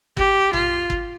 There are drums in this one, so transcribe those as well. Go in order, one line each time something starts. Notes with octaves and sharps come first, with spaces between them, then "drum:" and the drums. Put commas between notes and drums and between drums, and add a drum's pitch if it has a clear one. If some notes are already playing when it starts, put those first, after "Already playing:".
G4, drum: kick G1
F4, drum: tom A#1
drum: kick G1